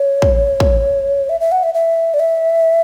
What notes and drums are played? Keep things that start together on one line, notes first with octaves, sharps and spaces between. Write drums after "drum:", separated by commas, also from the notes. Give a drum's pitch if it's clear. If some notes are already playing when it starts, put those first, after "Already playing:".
Already playing: C#5
drum: kick
drum: kick
E5
E5
F#5
E5
E5
D5
E5